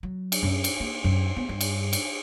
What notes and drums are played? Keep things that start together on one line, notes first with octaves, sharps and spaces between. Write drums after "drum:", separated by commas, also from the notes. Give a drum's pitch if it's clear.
F#3
drum: cymbal
F#2
drum: cymbal
A#3
F#2
B3
G2
drum: cymbal
drum: cymbal